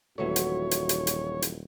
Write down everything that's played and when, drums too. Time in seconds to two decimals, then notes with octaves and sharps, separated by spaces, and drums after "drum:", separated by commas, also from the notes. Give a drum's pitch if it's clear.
0.18 D#1 E3 F#3 A3 F#4 C#5
0.36 drum: hi-hat
0.71 drum: hi-hat
0.89 drum: hi-hat
1.07 drum: hi-hat
1.42 drum: hi-hat